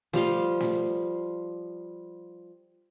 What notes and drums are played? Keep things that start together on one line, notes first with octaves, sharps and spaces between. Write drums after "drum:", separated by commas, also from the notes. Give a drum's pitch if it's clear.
F3 G3 F5 C6, drum: snare
drum: snare